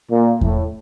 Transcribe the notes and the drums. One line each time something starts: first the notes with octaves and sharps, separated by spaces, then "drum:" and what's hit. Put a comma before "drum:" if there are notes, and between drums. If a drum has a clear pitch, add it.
A#2
A2, drum: kick E2